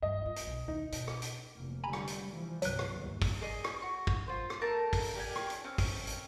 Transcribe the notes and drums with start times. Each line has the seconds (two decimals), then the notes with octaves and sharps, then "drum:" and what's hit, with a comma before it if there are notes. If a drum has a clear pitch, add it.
0.02 G2 E3 D#5
0.26 F4
0.36 drum: hi-hat
0.47 B1
0.68 D#2 D#4
0.92 B2, drum: hi-hat
1.08 drum: rim click
1.22 drum: hi-hat
1.55 F1 E2 A#3
1.84 D3 G3 G#5 A#5 B5
1.93 drum: rim click
2.07 drum: hi-hat
2.30 E3 F3
2.62 C2 G2 A#2 F#3 B4, drum: hi-hat
2.79 drum: rim click
2.96 G1 D#2
3.22 drum: kick, open hi-hat
3.41 G#4 D5 D#5
3.64 drum: rim click
3.82 F#4 C#6
4.07 drum: kick
4.27 F4 C5
4.50 drum: rim click
4.61 A3 A#4 A5 A#5
4.93 drum: kick, open hi-hat
5.15 G4 A#4 D5 G#5
5.36 drum: rim click
5.50 drum: hi-hat
5.64 C4 C#4
5.78 drum: kick, open hi-hat
6.07 drum: hi-hat